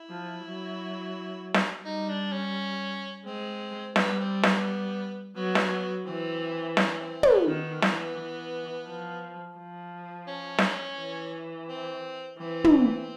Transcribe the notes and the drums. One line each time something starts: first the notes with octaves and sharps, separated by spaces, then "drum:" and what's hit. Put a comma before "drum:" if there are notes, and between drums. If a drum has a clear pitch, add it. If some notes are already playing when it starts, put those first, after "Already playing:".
Already playing: E4
F3
F#3
drum: snare
G3 D#4
D4
C#4
G#3 C4
G3 B3, drum: snare
C4
B3, drum: snare
F#3 B3
drum: snare
E3 C4
C#4, drum: snare
C4
B3, drum: tom
D#3 B3
E3, drum: snare
E3
F3
F3
C#4
drum: snare
E3
C4
E3 C4
drum: tom